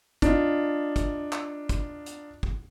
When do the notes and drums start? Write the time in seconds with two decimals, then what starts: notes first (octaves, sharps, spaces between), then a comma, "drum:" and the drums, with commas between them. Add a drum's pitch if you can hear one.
0.22 D4 D#4 F4, drum: kick, hi-hat
0.96 drum: kick, hi-hat
1.33 drum: clap
1.69 drum: kick, hi-hat
2.06 drum: hi-hat
2.43 drum: kick